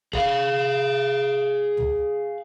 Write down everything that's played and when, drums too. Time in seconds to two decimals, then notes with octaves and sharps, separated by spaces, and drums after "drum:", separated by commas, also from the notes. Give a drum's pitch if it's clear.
0.13 G#4 F5, drum: kick
1.77 drum: tom